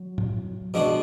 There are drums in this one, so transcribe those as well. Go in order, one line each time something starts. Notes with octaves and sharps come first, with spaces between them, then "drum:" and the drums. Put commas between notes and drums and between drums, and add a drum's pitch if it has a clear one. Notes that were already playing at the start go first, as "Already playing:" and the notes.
Already playing: F#3
drum: tom
B2 F3 G#3 D4 F#4